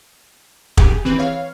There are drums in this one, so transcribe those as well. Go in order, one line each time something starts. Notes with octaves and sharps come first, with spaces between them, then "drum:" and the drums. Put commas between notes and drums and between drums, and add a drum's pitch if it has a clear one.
G4 G#4, drum: kick
E3 C4 G#4 B4
C#5 F5